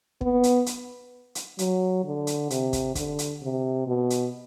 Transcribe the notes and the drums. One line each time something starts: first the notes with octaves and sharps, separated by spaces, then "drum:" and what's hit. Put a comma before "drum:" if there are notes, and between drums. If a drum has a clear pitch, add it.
B3, drum: kick
drum: hi-hat
drum: hi-hat
drum: hi-hat
F#3, drum: hi-hat
D3
drum: hi-hat
C3, drum: hi-hat
drum: kick, hi-hat
D3, drum: kick, hi-hat
drum: hi-hat
C3
B2
drum: hi-hat